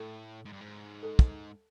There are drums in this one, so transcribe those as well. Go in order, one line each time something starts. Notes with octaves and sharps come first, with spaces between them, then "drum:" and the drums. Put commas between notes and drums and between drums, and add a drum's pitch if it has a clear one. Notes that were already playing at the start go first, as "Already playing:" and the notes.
Already playing: A2 A4
G#2
G2
G#2
A4
drum: kick